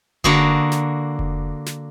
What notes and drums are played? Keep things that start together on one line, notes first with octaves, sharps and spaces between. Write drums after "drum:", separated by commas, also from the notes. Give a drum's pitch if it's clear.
D3 A#3 F#4 G#4, drum: kick F1
drum: snare
drum: kick F1
drum: snare